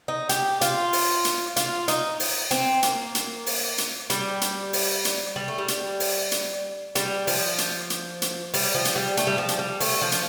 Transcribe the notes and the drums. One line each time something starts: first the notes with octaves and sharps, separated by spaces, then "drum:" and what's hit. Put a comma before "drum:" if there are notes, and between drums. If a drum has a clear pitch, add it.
D#4
G4, drum: hi-hat
F4, drum: hi-hat
drum: open hi-hat
drum: hi-hat
F4, drum: hi-hat
D#4, drum: hi-hat
drum: open hi-hat
C4, drum: hi-hat
A#3, drum: hi-hat
drum: hi-hat
drum: open hi-hat
drum: hi-hat
G3, drum: hi-hat
drum: hi-hat
drum: open hi-hat
drum: hi-hat
G3
A3
G3
drum: hi-hat
drum: open hi-hat
drum: hi-hat
G3, drum: hi-hat
F3, drum: open hi-hat
drum: hi-hat
drum: hi-hat
drum: hi-hat
G3, drum: open hi-hat
F3
drum: hi-hat
G3
A3, drum: hi-hat
G3
F3
drum: hi-hat
G3
A3, drum: open hi-hat
F3
drum: hi-hat